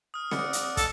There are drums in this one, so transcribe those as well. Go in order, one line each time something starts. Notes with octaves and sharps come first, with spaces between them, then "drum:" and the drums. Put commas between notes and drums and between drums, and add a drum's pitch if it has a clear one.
D#6 F6
D5 D#5 F#5 C#7, drum: snare C4
drum: hi-hat
A4, drum: kick, hi-hat